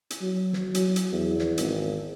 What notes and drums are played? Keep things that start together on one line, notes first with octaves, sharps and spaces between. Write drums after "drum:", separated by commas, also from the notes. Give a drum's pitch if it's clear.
drum: hi-hat
F#3
drum: snare
F#3, drum: hi-hat
drum: hi-hat
E2
drum: snare
G#1, drum: hi-hat